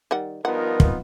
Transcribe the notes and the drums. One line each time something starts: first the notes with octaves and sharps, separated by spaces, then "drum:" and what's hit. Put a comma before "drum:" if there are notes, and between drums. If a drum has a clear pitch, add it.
D#3 G3 F#5
G2 F3 B3 D#4 F4 A#4 F#5
drum: kick